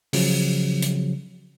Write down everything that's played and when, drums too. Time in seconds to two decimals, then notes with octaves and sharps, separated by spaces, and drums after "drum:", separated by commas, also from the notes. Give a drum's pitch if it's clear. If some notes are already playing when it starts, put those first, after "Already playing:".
0.13 C#3 F3 F#3, drum: open hi-hat
0.82 drum: hi-hat